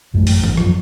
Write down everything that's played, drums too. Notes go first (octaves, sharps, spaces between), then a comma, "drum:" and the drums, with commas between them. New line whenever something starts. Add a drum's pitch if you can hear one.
A1 F#2 G#3 A3
drum: open hi-hat
G#1, drum: tom D#3
F#2 F3, drum: rim click